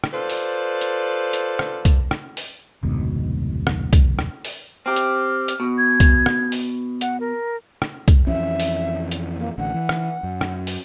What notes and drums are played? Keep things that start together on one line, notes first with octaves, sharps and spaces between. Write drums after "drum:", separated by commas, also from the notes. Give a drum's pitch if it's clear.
drum: rim click
F4 A4 B4 C5 D5
drum: open hi-hat
drum: hi-hat
drum: hi-hat
drum: rim click
drum: kick, hi-hat
drum: rim click
drum: open hi-hat
F1 D2 G#2 B2
drum: rim click
drum: kick, hi-hat
drum: rim click
drum: open hi-hat
C4 G4 F6
drum: hi-hat
drum: hi-hat
B2
G#6
drum: kick, hi-hat
drum: rim click
drum: open hi-hat
F#5, drum: hi-hat
A#4
drum: rim click
drum: kick, hi-hat
F2 E3 C#4 E5
drum: open hi-hat
drum: hi-hat
A#3
A1 D3 F#5
E3
drum: rim click
F#2
drum: rim click
drum: open hi-hat